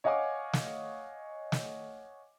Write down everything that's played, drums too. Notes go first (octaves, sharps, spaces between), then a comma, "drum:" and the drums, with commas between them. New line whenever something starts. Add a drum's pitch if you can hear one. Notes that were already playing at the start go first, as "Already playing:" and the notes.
C#5 D#5 F5 F#5 G#5 D6
drum: snare
drum: snare